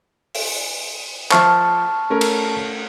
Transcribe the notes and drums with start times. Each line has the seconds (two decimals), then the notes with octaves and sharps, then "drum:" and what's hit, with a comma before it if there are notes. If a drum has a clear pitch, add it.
0.35 drum: open hi-hat
1.31 F3 C5 E5 A5 C#6 F6, drum: clap
2.10 A3 C#4 A#4
2.21 drum: cymbal